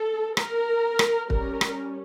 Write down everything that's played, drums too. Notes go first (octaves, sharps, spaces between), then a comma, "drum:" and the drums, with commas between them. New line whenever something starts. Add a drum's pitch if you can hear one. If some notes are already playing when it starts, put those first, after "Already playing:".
Already playing: A4
A#4, drum: rim click
drum: rim click
G3 C#4 A#4, drum: kick
drum: rim click